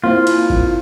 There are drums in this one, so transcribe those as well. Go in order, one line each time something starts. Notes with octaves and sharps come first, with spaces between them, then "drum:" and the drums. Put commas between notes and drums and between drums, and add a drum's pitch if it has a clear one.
A#3 C4 E4 F4
drum: cymbal
drum: kick G#1